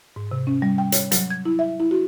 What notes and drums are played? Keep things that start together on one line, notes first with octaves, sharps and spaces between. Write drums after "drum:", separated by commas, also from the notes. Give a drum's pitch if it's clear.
G#2
C3
C#4
G3
G5
C#5, drum: hi-hat
F#3, drum: hi-hat
G#6
E4
E5
E4
F#4